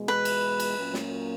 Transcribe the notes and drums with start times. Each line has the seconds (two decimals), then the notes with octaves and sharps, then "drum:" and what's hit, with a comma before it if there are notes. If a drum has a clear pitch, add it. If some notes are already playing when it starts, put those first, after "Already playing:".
Already playing: E2 B2 G#3
0.08 B4
0.25 drum: cymbal
0.60 drum: cymbal
0.76 A#2 F#3 A#3 C#4
0.94 drum: snare